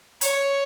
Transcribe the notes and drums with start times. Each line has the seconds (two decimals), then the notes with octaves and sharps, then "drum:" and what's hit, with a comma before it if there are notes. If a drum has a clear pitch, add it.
0.21 C#5, drum: hi-hat